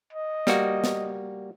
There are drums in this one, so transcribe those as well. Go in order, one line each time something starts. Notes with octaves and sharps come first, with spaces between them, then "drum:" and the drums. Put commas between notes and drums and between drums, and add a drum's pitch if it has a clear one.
D#5
G3 A#3 F#4, drum: snare
drum: snare